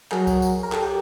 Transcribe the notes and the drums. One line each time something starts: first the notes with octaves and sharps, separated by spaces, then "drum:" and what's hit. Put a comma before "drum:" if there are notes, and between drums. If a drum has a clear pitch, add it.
F#3 G#4 A#4, drum: clap
drum: kick C#2, tambourine
drum: tambourine
A#4
G4 A4, drum: clap
G4